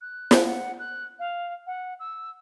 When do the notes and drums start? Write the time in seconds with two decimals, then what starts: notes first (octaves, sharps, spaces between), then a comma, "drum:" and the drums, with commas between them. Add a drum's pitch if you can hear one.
0.01 F#6
0.31 drum: snare
0.46 F#5
0.79 F#6
1.19 F5
1.67 F#5
2.00 E6